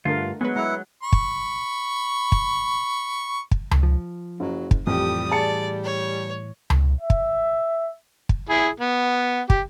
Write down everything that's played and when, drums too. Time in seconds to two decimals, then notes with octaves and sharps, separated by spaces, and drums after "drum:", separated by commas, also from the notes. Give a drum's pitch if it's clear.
0.05 G2 D3 A3 D4 F4 A#4
0.17 F#5
0.41 F#3 G#3 B3 B4 G#5
0.56 G#3 E4 F#5 A#5
1.03 B5 C#6
1.13 drum: kick
2.32 drum: kick
3.51 drum: kick
3.71 drum: tom C#2
3.83 F3
4.40 F#1 F#3
4.71 drum: kick
4.87 F2 A2 E3 G3 G4 D#6
5.31 G#4 D5 A5 C#7
5.84 C#5
6.70 drum: tom C#2
7.01 E5
7.10 drum: kick
8.29 drum: kick
8.49 E4 G#4
8.80 B3
9.50 G4, drum: kick